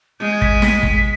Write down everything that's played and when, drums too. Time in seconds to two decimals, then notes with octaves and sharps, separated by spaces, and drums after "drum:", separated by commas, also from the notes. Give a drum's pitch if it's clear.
0.20 G#3 G6
0.32 G#6
0.42 B6, drum: kick
0.62 drum: snare
0.83 drum: kick